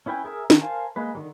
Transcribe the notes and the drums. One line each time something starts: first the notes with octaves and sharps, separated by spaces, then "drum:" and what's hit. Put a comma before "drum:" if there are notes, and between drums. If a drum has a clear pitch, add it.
C#4 E4 B4 G5 G#5
G#4 A#4 E5
D#3, drum: snare
A#4 C5 F5 G#5 A5
G#3 A#3 B4
D3 D#3 G3